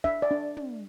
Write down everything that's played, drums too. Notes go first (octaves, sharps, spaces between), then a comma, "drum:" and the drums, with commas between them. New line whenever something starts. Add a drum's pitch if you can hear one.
D4 E5, drum: kick
D5
D4
drum: tom